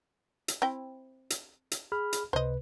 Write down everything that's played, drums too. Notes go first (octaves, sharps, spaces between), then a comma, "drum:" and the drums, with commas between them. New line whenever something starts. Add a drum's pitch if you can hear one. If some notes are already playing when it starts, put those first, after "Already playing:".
drum: hi-hat
C4 E4 G5
drum: hi-hat
drum: hi-hat
G#4 B5 F6
drum: hi-hat
C#2 C3 B4 C5 D#5